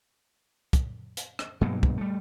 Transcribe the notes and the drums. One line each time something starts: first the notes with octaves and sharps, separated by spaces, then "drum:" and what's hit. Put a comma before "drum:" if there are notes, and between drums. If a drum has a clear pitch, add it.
drum: kick, hi-hat
drum: hi-hat
drum: rim click
G2 B2 F#3 A#3
drum: kick
G3 A3